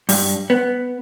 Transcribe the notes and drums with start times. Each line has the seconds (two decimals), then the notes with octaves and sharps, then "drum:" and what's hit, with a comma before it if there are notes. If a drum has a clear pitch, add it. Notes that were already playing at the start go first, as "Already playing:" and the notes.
0.09 G2, drum: open hi-hat
0.50 B3